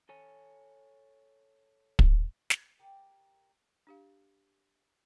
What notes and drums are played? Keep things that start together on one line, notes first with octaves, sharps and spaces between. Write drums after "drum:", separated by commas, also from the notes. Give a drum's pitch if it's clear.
A4 C#5 G#5
drum: kick
drum: snare
G4 A#4 D5 G#5
D4 G4 F5